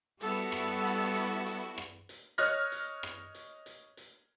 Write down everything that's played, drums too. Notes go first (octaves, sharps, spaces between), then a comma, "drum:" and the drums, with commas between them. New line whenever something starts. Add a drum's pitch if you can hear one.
G3 B3 E4 F#4 A4, drum: hi-hat
drum: rim click
drum: hi-hat
drum: hi-hat
drum: rim click
drum: hi-hat
C#5 D#5 C#6 F6 F#6 A#6, drum: hi-hat
drum: hi-hat
drum: rim click
drum: hi-hat
drum: hi-hat
drum: hi-hat